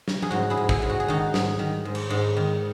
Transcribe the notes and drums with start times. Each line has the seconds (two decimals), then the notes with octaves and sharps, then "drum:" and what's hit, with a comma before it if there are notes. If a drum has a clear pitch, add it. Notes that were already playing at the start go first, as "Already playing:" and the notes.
0.08 drum: snare
0.23 G#4, drum: tom F3
0.31 G#2 D#4 F#4
0.50 E4 G#4
0.57 G#2
0.69 E4 G#4, drum: kick
0.82 G#2
0.89 F#4
1.00 G#4
1.08 D#3 D#4 F#4
1.34 G#2, drum: snare
1.59 D#3
1.85 G#2
1.95 drum: cymbal
2.10 G#2
2.37 D#3